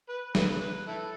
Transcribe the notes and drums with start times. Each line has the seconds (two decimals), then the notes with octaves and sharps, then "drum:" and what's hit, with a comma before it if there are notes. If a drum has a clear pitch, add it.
0.09 B4
0.35 B4, drum: snare
0.61 B4
0.87 E4 A4